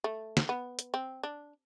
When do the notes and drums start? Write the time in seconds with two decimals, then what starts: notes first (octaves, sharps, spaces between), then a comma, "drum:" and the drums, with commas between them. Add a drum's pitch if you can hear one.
0.04 A3
0.37 drum: snare
0.49 B3
0.79 drum: hi-hat
0.94 C4
1.23 D4